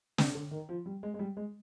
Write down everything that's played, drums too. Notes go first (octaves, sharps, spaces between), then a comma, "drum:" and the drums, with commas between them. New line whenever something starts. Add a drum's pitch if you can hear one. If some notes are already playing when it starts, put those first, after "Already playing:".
C3, drum: snare
D3
D#3
F3
G3
G#3
G#3
G3
G#3